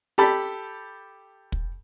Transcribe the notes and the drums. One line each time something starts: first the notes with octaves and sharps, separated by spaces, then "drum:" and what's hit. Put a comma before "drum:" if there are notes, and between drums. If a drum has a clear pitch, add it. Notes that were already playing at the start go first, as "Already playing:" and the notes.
G4 A4 A5 B5
drum: kick